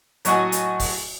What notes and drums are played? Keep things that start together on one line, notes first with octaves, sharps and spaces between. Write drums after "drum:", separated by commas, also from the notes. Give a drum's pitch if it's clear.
A2 F#3 F#4 D#5 F#5 G#5, drum: hi-hat
drum: hi-hat
drum: kick, open hi-hat